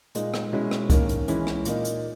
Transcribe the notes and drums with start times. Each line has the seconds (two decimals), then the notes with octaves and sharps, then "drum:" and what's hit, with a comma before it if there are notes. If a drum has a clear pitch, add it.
0.15 A#2 G#3 D#4, drum: hi-hat
0.34 drum: rim click
0.53 B2 G#3 C#4 E4
0.71 drum: rim click
0.90 D#3 A#3 C#4, drum: kick C2, hi-hat
1.09 drum: hi-hat
1.28 E3 G#3 C#4 E4, drum: hi-hat
1.47 drum: rim click
1.65 A#2 A#3 D#4, drum: hi-hat
1.85 drum: hi-hat